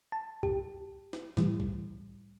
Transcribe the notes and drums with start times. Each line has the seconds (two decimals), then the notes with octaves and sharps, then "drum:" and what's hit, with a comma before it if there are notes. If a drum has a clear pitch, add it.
0.12 A5
0.43 G4, drum: kick C2
1.13 drum: snare
1.37 A2 E3 G3, drum: snare
1.60 drum: kick C2